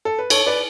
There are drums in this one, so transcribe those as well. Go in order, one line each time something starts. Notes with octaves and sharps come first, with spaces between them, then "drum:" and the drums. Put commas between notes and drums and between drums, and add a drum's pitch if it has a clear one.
A4
B4
A4 C#5, drum: cymbal
B4 D5